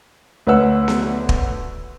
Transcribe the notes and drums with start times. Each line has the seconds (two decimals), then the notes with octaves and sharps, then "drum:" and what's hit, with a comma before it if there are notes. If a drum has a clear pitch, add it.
0.47 D2 B4 C#5 F#5 E6
0.88 drum: snare B3
1.29 drum: kick